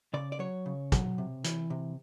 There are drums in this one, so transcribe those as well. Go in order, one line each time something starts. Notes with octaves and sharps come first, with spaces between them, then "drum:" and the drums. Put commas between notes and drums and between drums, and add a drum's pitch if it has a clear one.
C#3 D5
D5
F#3 C#5
C#3
F#3, drum: kick, hi-hat
C3
E3, drum: hi-hat
C3